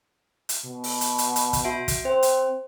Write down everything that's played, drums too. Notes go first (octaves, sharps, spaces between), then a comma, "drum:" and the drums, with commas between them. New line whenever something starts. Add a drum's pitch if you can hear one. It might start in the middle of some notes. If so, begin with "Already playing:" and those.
drum: hi-hat
B2
drum: open hi-hat
drum: hi-hat
drum: hi-hat
drum: hi-hat
drum: kick, hi-hat
F#4 E5 D7
drum: kick, hi-hat
C4 C5
drum: hi-hat